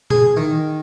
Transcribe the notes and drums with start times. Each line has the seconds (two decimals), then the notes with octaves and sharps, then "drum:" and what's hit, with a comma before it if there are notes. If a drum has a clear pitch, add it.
0.10 G#4, drum: tom A#2
0.37 D#3